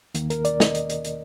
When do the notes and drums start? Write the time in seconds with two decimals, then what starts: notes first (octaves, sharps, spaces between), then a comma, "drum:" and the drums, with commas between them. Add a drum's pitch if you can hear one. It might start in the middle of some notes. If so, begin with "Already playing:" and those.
0.15 D#2 D#3 A#3, drum: hi-hat
0.30 A#4, drum: hi-hat
0.45 D5, drum: hi-hat
0.60 D#5, drum: snare
0.75 drum: hi-hat
0.90 drum: hi-hat
1.04 drum: hi-hat